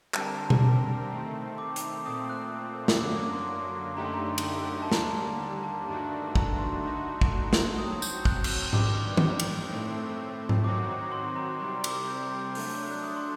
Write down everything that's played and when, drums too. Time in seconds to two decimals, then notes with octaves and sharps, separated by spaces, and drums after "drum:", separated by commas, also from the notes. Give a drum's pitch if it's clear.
0.14 D3 G3 C4 G4 A#4 A5, drum: clap
0.26 A#5
0.38 A5
0.50 A5, drum: tom B2
0.63 A#5
1.10 D#3 A3 C4
1.58 D6
1.76 drum: hi-hat
2.05 A#2 A3 C4 D#6
2.29 F#6
2.88 drum: snare
3.00 F#2 D3 F#3 A#3 D6
3.16 D6
3.26 D6
3.33 C6
3.96 F#2 D3 A3 D#4 G4 A#5
4.05 C6
4.14 A#5
4.38 drum: cymbal
4.82 A5
4.91 D#2 D3 G3 A#3 A#5, drum: snare
5.40 A#5
5.63 A5
5.87 G2 D#3 A3 D4 F#4 A5
6.27 A5
6.35 A#5, drum: kick
6.59 C6
6.83 D3 A3 D#4 F#4 C6
7.21 drum: kick
7.53 drum: snare
7.78 F#3 C4 F#4 D#6
8.02 G6, drum: tambourine
8.25 F#6, drum: kick
8.44 drum: cymbal
8.73 G2 D#3 G3 D6, drum: tom G#2
9.17 drum: tom
9.39 drum: cymbal
9.69 A2 A3 C4
10.49 drum: tom G#2
10.64 D#3 F#3 C4 D#4 F#4 D6
11.12 C6
11.36 A#5
11.60 C3 G3 C4 A#5
11.84 D6, drum: cymbal
12.08 G6
12.55 F#3 A3 D4 G6, drum: open hi-hat
12.91 F#6
13.03 D#6
13.16 C6